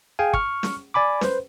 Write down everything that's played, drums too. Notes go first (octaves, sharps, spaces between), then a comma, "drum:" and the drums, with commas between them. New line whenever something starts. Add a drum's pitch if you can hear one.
G#4 F5 G5 G#5
C#6 F6, drum: kick
drum: snare
D5 G#5 B5 D6
B4 C5, drum: snare